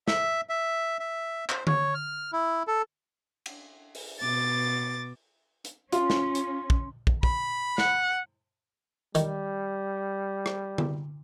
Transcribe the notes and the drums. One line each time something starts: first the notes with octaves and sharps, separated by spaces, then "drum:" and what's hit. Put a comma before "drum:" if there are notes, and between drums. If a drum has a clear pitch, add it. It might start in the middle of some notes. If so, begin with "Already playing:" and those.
E5, drum: snare
E5
E5
C5, drum: clap
C#5, drum: tom D3
F6
E4
A4
drum: cymbal
drum: open hi-hat
B2 D6 A6
drum: hi-hat
C#4 F4 C6, drum: hi-hat
drum: snare
drum: hi-hat
drum: kick
drum: kick
B5, drum: kick
F#5, drum: snare
D#3 G3, drum: hi-hat
drum: rim click
drum: tom D3